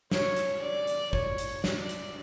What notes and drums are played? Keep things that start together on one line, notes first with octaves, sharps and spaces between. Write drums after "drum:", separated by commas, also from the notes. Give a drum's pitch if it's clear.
C#5, drum: snare
drum: hi-hat
D5
drum: hi-hat
C#5, drum: kick
drum: hi-hat
D5, drum: snare
drum: hi-hat